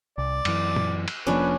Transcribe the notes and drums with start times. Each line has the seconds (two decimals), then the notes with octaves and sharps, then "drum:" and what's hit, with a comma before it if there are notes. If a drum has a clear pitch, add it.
0.18 C2 D5
0.45 F#2 E3, drum: cymbal
0.76 drum: tom
1.08 drum: cymbal
1.27 F1 F3 A#3 C#4 D4 B4